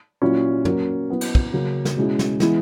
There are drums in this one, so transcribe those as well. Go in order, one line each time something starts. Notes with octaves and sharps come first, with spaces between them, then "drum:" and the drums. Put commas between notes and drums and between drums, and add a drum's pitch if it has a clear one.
A#2 F#3 C#4 E4
F#3 A#3 C#4, drum: tom
F#3 B3 E4
drum: cymbal
drum: kick
C#3 F#3 A#3 C#4
drum: snare
B2 G#3 C#4 E4
drum: snare
E3 G#3 B3 E4, drum: snare